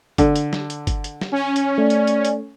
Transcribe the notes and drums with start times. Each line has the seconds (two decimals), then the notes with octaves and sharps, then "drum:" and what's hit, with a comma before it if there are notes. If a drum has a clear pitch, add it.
0.18 D3, drum: kick G1, hi-hat
0.36 drum: hi-hat
0.53 drum: snare
0.70 drum: hi-hat
0.87 drum: kick G1, hi-hat
1.04 drum: hi-hat
1.21 drum: snare
1.32 C#4
1.56 drum: hi-hat
1.78 A3 D5
1.90 drum: hi-hat
2.07 drum: hi-hat
2.25 drum: hi-hat